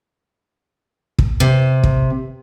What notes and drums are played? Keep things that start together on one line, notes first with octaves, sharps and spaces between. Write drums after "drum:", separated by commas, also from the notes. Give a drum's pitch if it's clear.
drum: kick
C3
drum: kick